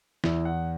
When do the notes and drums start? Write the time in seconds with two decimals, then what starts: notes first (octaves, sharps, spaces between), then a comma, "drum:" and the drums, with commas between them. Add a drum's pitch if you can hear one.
0.24 E2 E4, drum: snare
0.45 F#5